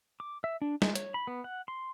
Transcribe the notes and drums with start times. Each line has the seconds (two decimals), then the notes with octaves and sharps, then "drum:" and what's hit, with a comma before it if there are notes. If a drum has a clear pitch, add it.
0.20 D6
0.44 E5
0.62 D4
0.82 G#3, drum: snare
0.95 C#5, drum: hi-hat
1.14 B5
1.27 B3
1.44 F#5
1.68 C6